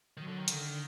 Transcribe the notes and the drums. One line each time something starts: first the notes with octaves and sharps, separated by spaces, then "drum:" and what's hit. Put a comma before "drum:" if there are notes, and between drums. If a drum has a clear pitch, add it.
D#3 F#3
D3
D#3
D3, drum: hi-hat